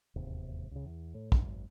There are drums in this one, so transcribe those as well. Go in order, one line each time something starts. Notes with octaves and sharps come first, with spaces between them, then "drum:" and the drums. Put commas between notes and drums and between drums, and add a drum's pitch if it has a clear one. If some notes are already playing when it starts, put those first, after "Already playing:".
E1 D#2 G#2 C3
C#2 C#3
E2
A2
G#1 F#2, drum: kick